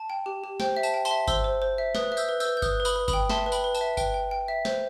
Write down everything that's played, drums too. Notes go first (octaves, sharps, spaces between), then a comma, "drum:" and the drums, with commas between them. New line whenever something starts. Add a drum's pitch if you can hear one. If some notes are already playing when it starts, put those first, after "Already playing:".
Already playing: A5
G5
G4
G4
C5 G5, drum: snare
E5
A5, drum: tambourine
G5
A5 C6, drum: tambourine
E5
C5 C6 E6, drum: kick G1, tambourine
C5
C5
E5
B4 D#6 F#6, drum: snare
E5
E6 G6, drum: tambourine
B4
E6 G6, drum: tambourine
B4
G6
B4 D#6 F#6, drum: kick G1, tambourine
B4
B5 D#6, drum: tambourine
B4
B5 D#6, drum: kick G1, tambourine
G5
E5 A5 C6, drum: snare
B4
G5 B5, drum: tambourine
B4
A5, drum: tambourine
E5
B4 G5, drum: kick G1, tambourine
G5
G5
E5
C5, drum: snare